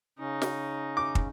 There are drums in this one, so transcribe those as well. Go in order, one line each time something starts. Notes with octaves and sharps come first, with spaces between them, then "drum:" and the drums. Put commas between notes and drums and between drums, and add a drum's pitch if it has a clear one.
C#3 C#4 D#4
drum: snare
D6
drum: kick